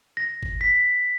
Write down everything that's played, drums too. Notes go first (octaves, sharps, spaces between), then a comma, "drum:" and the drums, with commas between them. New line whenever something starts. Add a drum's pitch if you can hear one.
A#6
drum: kick G1
B6